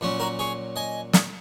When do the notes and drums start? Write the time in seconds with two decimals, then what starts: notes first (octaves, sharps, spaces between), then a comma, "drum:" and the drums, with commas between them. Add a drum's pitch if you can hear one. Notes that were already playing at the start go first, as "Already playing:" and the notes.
0.01 A#2 F#3 C#4
0.20 F#4 A#4
0.39 G#4 C#5
0.76 D#5 G#5
1.13 drum: snare